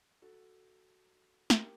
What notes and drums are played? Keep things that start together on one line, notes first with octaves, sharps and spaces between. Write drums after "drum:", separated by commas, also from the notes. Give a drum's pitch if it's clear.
F#4 A4
G4 A#4, drum: snare